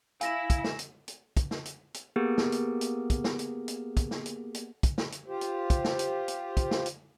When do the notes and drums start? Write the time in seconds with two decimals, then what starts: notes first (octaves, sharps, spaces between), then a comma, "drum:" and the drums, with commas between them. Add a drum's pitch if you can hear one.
0.21 E4 F5 G#5 A#6 E7, drum: hi-hat
0.50 drum: kick, hi-hat
0.64 drum: snare
0.79 drum: hi-hat
1.08 drum: hi-hat
1.37 drum: kick, hi-hat
1.51 drum: snare
1.65 drum: hi-hat
1.94 drum: hi-hat
2.16 A#3 B3 G4 G#4 A#4
2.38 drum: snare
2.52 drum: hi-hat
2.81 drum: hi-hat
3.10 drum: kick, hi-hat
3.24 drum: snare
3.39 drum: hi-hat
3.68 drum: hi-hat
3.97 drum: kick, hi-hat
4.11 drum: snare
4.26 drum: hi-hat
4.54 drum: hi-hat
4.83 drum: kick, hi-hat
4.98 drum: snare
5.12 drum: hi-hat
5.26 F4 G4 C5
5.41 drum: hi-hat
5.70 drum: kick, hi-hat
5.84 drum: snare
5.99 drum: hi-hat
6.28 drum: hi-hat
6.57 drum: kick, hi-hat
6.71 drum: snare
6.86 drum: hi-hat